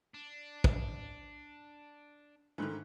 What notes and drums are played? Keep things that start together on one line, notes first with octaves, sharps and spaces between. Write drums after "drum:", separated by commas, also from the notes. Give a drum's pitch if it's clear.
D4
drum: kick
G#2 D#3 E3 A3 F#6